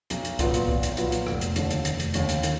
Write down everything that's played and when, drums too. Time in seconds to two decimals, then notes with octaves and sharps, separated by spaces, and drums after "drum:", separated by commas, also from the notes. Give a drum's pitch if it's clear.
0.10 B1, drum: hi-hat
0.25 drum: hi-hat
0.39 A#2 F#3 B3 F4, drum: kick C2, hi-hat
0.54 drum: hi-hat
0.68 B1, drum: kick C2
0.83 drum: hi-hat
0.97 A#2 F#3 B3 F4, drum: hi-hat
1.12 drum: hi-hat
1.27 F1, drum: rim click
1.41 drum: hi-hat
1.56 D#2 D3, drum: hi-hat
1.70 drum: hi-hat
1.85 F1, drum: hi-hat
2.00 drum: hi-hat
2.14 D#2 D3, drum: hi-hat
2.29 drum: hi-hat
2.43 D#3, drum: hi-hat